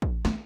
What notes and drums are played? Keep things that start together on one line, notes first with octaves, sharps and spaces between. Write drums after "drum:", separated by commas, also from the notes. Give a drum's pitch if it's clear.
drum: kick
A3, drum: snare